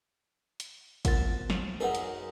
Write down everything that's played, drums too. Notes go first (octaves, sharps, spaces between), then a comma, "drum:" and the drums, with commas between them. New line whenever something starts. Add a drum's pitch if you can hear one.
drum: hi-hat
F3 B3 A#4 A6, drum: kick G#1, hi-hat
drum: snare
F#2 D#4 G#4 A#4 B4 F#5
drum: hi-hat